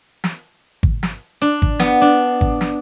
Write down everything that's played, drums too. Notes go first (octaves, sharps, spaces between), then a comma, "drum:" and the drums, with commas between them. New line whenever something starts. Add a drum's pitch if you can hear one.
drum: snare
drum: kick G#1
drum: snare
D4
drum: kick G#1
B3, drum: snare
D4
drum: kick G#1
drum: snare